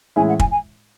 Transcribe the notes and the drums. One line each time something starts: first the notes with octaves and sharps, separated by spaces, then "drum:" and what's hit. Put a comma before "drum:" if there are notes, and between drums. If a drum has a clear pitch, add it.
A2 E3 G#3 C#4 E4 G#5
F#5
G#5, drum: kick
G#5